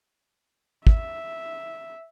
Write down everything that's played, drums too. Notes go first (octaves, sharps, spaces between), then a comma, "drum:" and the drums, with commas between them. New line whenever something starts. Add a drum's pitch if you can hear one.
E5, drum: kick